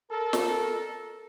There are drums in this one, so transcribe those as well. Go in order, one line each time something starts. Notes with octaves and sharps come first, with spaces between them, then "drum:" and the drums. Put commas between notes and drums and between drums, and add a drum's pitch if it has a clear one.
A4 A#4
drum: snare